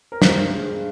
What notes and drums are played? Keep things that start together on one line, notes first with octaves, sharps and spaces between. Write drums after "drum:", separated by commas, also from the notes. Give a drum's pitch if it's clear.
A#4
G2 C5, drum: snare
G#3